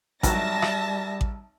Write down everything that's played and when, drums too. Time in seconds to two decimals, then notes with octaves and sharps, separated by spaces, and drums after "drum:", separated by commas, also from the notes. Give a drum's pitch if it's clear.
0.23 G#1 F#3 G3 E5 A5 A#6, drum: kick A1, hi-hat
0.62 drum: rim click
1.21 drum: kick A1